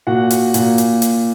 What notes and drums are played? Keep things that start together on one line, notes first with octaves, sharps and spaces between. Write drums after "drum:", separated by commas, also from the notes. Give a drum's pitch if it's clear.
A#2 F#4 F#5
drum: hi-hat
A#2, drum: hi-hat
drum: hi-hat
drum: hi-hat